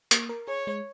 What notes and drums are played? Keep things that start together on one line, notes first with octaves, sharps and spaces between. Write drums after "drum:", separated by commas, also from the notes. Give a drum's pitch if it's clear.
A#3, drum: hi-hat
A#4
G#4 C#5
G#3